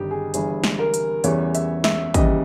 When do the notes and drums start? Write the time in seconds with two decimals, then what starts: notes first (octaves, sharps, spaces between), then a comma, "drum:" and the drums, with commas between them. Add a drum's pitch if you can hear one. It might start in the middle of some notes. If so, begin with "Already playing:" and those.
Already playing: G1 G2 D#3 D#4 G4
0.11 G#4
0.34 G1 G2 E3 G#4, drum: hi-hat
0.64 drum: snare
0.79 A#4
0.94 drum: hi-hat
1.24 E2 C#3 E3 G3 C#5, drum: hi-hat
1.55 E5, drum: hi-hat
1.84 E5, drum: snare
2.14 D#2 C#3 E3 G3 D#5, drum: kick, hi-hat